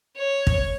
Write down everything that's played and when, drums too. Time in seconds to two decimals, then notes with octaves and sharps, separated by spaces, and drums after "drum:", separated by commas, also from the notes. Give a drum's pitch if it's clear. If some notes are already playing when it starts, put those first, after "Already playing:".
0.17 C#5
0.47 drum: kick